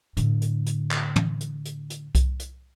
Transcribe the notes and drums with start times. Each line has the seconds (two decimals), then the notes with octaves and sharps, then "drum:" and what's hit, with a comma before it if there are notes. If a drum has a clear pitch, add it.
0.17 A2 D3, drum: hi-hat
0.41 drum: hi-hat
0.66 drum: hi-hat
0.91 drum: clap
1.16 drum: tom
1.40 drum: hi-hat
1.65 drum: hi-hat
1.90 drum: hi-hat
2.15 drum: kick C2, hi-hat
2.39 drum: hi-hat